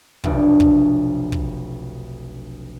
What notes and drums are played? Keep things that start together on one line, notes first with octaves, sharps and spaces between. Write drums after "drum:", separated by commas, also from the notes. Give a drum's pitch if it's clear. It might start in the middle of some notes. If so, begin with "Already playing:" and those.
F1 B1 D4, drum: kick
drum: kick
drum: kick